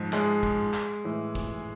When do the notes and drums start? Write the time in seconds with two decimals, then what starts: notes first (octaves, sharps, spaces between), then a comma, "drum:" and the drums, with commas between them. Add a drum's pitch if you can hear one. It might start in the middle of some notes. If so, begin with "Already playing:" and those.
Already playing: G#2 F3
0.13 G#3, drum: clap
0.43 drum: kick
0.74 drum: clap
1.04 A2 E3
1.35 drum: kick, hi-hat